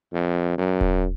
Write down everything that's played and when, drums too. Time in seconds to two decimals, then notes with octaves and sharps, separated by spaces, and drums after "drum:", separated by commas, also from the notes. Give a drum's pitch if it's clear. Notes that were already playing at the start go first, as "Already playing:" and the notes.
0.13 F2
0.58 F#2
0.81 drum: kick D#1